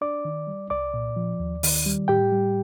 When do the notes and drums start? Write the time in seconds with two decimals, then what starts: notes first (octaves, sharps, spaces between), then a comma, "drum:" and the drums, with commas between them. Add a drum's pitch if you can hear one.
0.01 D4 D5 D6
0.25 D#3
0.47 G3
0.70 C2 D5 D6
0.94 A#2
1.16 F3
1.40 D#2
1.63 D#3, drum: open hi-hat
1.86 G3
2.08 A2 G4 G5
2.32 G3